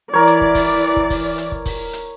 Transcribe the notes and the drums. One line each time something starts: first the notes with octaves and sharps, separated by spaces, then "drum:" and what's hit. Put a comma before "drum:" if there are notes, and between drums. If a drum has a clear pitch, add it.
E3 A#4 C#5 D5
drum: hi-hat
drum: kick
drum: kick, open hi-hat
drum: kick
drum: kick, open hi-hat
drum: hi-hat
drum: kick
drum: kick, open hi-hat
drum: hi-hat